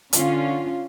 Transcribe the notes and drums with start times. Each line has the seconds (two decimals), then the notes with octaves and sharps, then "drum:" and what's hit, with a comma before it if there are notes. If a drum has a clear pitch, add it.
0.13 D3 C#4 F4, drum: hi-hat